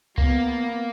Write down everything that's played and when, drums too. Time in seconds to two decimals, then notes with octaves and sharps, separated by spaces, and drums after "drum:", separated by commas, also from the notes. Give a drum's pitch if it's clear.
0.18 A#3 B3, drum: kick C2